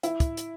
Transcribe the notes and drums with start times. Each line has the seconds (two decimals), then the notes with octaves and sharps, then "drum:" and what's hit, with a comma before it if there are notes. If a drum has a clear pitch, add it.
0.03 E4, drum: hi-hat
0.20 drum: kick, hi-hat
0.37 drum: hi-hat